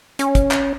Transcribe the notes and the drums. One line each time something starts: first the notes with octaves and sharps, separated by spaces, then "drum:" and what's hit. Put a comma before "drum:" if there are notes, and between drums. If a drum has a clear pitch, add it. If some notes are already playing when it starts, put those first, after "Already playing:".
C#4, drum: hi-hat
drum: kick, hi-hat
drum: clap